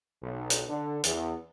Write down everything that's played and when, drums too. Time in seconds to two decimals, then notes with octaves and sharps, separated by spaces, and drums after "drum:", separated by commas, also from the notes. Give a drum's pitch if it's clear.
0.22 B1
0.50 drum: hi-hat
0.68 D3
1.04 E2, drum: hi-hat